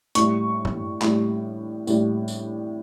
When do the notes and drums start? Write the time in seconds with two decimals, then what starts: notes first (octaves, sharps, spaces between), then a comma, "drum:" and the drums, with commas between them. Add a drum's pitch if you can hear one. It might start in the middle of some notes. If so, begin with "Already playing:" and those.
0.15 A2 G3 C#6, drum: hi-hat
0.65 drum: tom G2
1.01 A2 G3, drum: clap
1.87 A2 G3, drum: tambourine
2.28 drum: tambourine